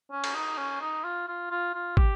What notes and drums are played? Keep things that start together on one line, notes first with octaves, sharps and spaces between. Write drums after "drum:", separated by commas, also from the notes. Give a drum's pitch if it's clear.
C#4
drum: cymbal
D#4
C#4
D#4
F4
F4
F4
F4
G4, drum: kick